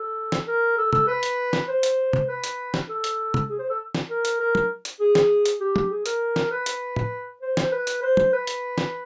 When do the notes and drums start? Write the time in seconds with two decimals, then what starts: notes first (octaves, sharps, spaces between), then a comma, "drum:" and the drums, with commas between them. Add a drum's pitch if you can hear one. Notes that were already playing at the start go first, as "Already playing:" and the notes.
Already playing: A4
0.32 drum: snare
0.48 A#4
0.78 A4
0.93 A4, drum: tom
1.07 B4
1.23 drum: hi-hat
1.53 drum: snare
1.68 C5
1.83 drum: hi-hat
2.13 drum: tom
2.28 B4
2.44 drum: hi-hat
2.74 drum: snare
2.89 A4
3.04 drum: hi-hat
3.34 drum: tom
3.49 G#4
3.59 C5
3.69 A4
3.95 drum: snare
4.10 A#4
4.25 drum: hi-hat
4.40 A#4
4.55 drum: tom
4.85 drum: hi-hat
5.00 G#4
5.15 drum: snare
5.45 drum: hi-hat
5.60 G4
5.76 drum: tom
5.91 G#4
6.06 A#4, drum: hi-hat
6.36 drum: snare
6.51 B4
6.66 drum: hi-hat
6.96 drum: tom
7.42 C5
7.57 C5, drum: snare
7.72 B4
7.87 drum: hi-hat
8.03 C5
8.17 drum: tom
8.33 B4
8.47 drum: hi-hat
8.78 drum: snare